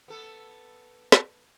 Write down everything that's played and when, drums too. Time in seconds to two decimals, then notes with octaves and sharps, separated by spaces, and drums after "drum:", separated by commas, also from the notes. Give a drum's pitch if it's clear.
0.08 B3 A4
1.12 drum: snare